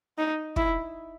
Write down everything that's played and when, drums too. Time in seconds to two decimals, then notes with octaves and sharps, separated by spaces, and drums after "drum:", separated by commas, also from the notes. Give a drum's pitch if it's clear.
0.18 D#4
0.56 E4, drum: kick